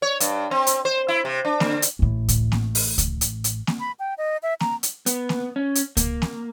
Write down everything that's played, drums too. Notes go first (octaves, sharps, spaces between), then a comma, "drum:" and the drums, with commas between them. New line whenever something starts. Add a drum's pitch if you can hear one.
C#5
G2, drum: hi-hat
C4
drum: hi-hat
C5
E4
C3
D4
D3, drum: snare A#3
drum: hi-hat
A1 A2
drum: kick C#2, hi-hat
drum: snare A#3
drum: open hi-hat
drum: kick C#2, hi-hat
drum: hi-hat
drum: hi-hat
drum: snare A#3
B5
G5
D#5
E5
A#5, drum: snare A#3
drum: hi-hat
B3, drum: hi-hat
drum: snare A#3
C#4
drum: hi-hat
A#3, drum: kick C#2, hi-hat
drum: snare A#3